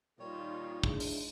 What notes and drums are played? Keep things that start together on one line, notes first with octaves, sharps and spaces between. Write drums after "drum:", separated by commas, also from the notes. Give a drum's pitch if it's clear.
A#2 D#3 G3 D#4 F4 C#5
G#3 D4 E4, drum: kick
drum: open hi-hat